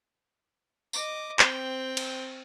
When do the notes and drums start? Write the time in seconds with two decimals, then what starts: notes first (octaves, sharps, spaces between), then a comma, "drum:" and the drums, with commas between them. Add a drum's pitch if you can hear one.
0.93 D#5 D6, drum: tambourine
1.39 C4 G5, drum: clap
1.97 drum: cymbal